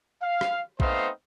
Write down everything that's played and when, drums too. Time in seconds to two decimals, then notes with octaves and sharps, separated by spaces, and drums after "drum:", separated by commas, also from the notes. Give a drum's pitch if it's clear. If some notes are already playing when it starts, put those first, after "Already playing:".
0.23 F5
0.41 drum: rim click
0.80 A3 B3 C4 D#4 C5 F5, drum: kick A#1